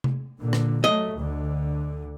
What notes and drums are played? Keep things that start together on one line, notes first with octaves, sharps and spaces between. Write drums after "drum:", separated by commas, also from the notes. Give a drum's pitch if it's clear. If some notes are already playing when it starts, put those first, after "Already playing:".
drum: tom C3
A#2 D3
drum: rim click
F#3 A3 D#5
D2 D3